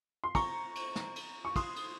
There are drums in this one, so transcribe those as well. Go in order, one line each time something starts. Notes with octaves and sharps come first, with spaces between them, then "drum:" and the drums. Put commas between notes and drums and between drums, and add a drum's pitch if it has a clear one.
C6
A#5 C#6, drum: kick, cymbal
drum: cymbal
drum: snare
drum: cymbal
C#6
C6 D#6, drum: kick, cymbal
drum: cymbal